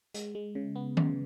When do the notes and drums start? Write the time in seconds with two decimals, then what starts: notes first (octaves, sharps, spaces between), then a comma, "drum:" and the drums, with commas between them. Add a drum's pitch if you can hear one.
0.14 G#3, drum: hi-hat
0.35 G#3
0.55 C#3
0.76 B3
0.97 C#3, drum: tom D#3